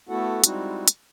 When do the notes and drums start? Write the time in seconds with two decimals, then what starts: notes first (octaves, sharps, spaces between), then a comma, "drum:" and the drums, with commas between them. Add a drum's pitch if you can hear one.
0.09 A3 B3 E4 F#4 A4 F#5
0.44 G3 G#3 C4 D#4 E4 F#4, drum: hi-hat
0.88 drum: hi-hat